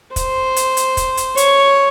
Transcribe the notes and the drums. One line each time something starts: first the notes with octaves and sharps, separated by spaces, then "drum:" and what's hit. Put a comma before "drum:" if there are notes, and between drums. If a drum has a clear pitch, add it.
C5, drum: kick, hi-hat
drum: hi-hat
drum: hi-hat
drum: kick, hi-hat
drum: hi-hat
C#5, drum: hi-hat